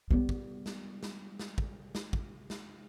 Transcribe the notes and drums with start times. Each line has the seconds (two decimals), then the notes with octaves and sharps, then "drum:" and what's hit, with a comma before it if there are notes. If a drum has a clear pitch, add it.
0.11 G3 B3
0.29 drum: kick
0.66 drum: snare
1.03 drum: snare
1.39 drum: snare
1.58 drum: kick
1.95 drum: snare
2.13 drum: kick
2.50 drum: snare